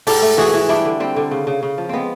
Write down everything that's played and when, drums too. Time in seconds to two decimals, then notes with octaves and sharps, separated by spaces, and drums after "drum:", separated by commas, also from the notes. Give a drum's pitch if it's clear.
0.07 G#2 G4 A4, drum: open hi-hat
0.22 A3
0.37 E3 F#4 G#4
0.54 E3
0.69 G3 D4 E4
0.85 D3
1.00 G3 C4
1.16 D3
1.31 C#3
1.47 C#3
1.63 C#3
1.78 F3
1.89 G#3 B3 C4